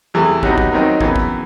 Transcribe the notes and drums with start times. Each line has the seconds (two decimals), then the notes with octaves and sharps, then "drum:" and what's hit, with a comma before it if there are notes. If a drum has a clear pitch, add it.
0.14 E2 C3 E3 A3
0.43 C3 F#3 B3 D#4 F#4, drum: kick
0.58 drum: kick
0.72 D#2 D#3 F#3 C4 D#4
1.01 F#2 E3 B3, drum: kick
1.16 drum: kick